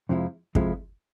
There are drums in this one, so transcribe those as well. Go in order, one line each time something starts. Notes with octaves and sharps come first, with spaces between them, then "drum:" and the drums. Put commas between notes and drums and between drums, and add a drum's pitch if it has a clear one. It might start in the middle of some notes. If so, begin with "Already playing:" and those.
F2 C3 F3 G#3 E4
F2 C3 F3 G#3 E4, drum: kick